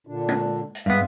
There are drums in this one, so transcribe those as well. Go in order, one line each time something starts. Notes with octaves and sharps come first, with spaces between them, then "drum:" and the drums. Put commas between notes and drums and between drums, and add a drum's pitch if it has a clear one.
A#2 D3 D4
drum: tom G#3
drum: hi-hat
G2 G#3 B3 E5 F5